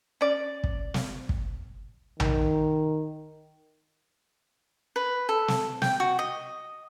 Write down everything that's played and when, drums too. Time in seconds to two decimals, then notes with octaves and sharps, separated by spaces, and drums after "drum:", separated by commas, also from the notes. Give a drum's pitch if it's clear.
0.21 C#4 D5
0.64 drum: kick
0.94 drum: snare
1.29 drum: kick
2.20 D#3, drum: tom A#1
4.96 B4
5.29 A4
5.48 drum: snare
5.82 G5, drum: snare
6.00 F#4
6.19 D#5